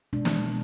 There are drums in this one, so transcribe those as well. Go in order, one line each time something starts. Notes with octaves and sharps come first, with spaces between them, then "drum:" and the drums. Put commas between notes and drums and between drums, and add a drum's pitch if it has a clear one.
B2 G#3 D4
drum: snare